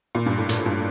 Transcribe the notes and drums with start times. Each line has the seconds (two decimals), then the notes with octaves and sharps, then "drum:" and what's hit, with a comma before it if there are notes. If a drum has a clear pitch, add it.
0.15 A#2
0.26 G2
0.38 A2
0.49 A2, drum: hi-hat
0.66 G2